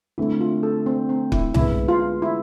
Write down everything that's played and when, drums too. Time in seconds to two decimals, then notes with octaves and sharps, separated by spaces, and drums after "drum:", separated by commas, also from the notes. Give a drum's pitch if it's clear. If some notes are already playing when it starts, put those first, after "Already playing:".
0.18 D3 A3 C4 E4
0.41 F4
0.63 A4
0.86 C4
1.09 C4
1.32 E4, drum: kick
1.54 D3 G#3 B3 E4, drum: tom C2
1.88 F4
2.22 E4